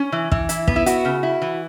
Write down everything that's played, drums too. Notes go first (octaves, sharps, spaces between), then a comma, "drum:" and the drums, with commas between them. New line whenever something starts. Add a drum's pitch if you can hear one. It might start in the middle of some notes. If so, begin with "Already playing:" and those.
Already playing: C#4
E3
E3, drum: kick
E4, drum: hi-hat
B3, drum: kick
E4
E4 F#4, drum: hi-hat
C#3
E4
E3